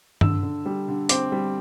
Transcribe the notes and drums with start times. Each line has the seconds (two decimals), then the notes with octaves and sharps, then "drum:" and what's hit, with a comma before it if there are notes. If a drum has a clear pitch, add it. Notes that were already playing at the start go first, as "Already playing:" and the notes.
0.21 D3 E6, drum: tom G2
0.43 D3
0.66 G3
0.88 D3
1.09 C4 D6, drum: hi-hat
1.32 G3